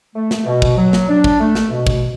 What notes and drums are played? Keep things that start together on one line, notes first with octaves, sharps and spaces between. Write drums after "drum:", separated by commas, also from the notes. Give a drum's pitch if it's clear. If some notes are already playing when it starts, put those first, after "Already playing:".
A3
drum: snare
B2
drum: kick
F#3
drum: snare
D4
drum: kick
A3
drum: snare
B2
drum: kick